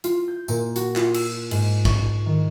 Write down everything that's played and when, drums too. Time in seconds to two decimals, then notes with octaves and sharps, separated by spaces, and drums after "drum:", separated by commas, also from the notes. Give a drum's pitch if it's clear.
0.04 F4, drum: hi-hat
0.28 G6
0.48 A#2, drum: tambourine
0.76 F#4, drum: hi-hat
0.96 F4, drum: clap
1.14 E6, drum: cymbal
1.51 G#2, drum: cymbal
1.85 C#6, drum: kick
2.26 D#3